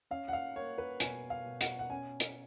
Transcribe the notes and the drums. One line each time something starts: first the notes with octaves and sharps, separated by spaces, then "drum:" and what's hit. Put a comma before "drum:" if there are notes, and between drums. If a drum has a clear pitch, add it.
C#4 F5
F#5
F5
A#3 C#5
B4
B2 G#5, drum: hi-hat
F5
B2
F#5, drum: hi-hat
F#5
C#4 G#5
drum: hi-hat